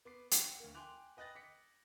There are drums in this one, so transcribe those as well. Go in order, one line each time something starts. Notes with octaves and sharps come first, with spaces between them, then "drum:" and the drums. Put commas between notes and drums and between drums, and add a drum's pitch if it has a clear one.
B3 D6 C7
F#5 G5, drum: hi-hat
D2 A#3
G5 G#5 C6 D6 F#6 F7
B4 D#5 G5 F#6 A6 A#6
D6 B6 C#7